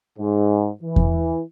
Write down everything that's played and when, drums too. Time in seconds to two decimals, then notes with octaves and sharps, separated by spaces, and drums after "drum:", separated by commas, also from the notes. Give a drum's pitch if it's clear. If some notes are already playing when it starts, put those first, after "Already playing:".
0.19 G#2
0.82 E3
0.96 drum: kick E2